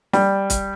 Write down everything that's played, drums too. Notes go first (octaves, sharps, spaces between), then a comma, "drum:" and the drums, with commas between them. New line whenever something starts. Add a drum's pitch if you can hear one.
G3, drum: snare
drum: kick, hi-hat